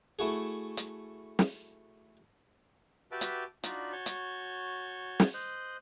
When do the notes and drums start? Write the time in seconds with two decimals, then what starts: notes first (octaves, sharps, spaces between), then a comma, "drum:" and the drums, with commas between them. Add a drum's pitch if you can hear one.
0.19 A3 E4 F#4 G#4
0.77 drum: hi-hat
1.39 drum: snare
3.12 F#4 G4 B4 E5 A5 D6
3.21 drum: hi-hat
3.64 D4 D#4 F4 F#4 D5 B5, drum: hi-hat
3.92 F#4 C#5 A5 C#6 G6
4.06 drum: hi-hat
5.20 drum: snare
5.34 C5 D#5 F#6